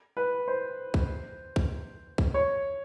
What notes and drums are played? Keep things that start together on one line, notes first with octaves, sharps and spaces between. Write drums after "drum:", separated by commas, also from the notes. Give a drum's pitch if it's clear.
B4
C5
drum: kick
drum: kick
drum: kick
C#5